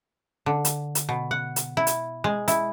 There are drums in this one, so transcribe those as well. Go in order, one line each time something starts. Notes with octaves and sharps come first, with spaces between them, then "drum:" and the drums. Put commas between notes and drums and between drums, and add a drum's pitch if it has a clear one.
D3
drum: hi-hat
drum: hi-hat
B2
F#5
drum: hi-hat
E4
drum: hi-hat
G#3
E4, drum: hi-hat